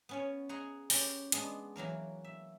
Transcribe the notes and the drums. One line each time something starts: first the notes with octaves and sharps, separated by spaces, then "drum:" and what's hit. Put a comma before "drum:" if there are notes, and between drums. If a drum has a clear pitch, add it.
B3 C#4 C#5
G#4 F#5 G#5 A#5 C6
C#4 G4 B4, drum: open hi-hat
G#3 B3 D4, drum: hi-hat
E3 F#3 A#3 A#4
E5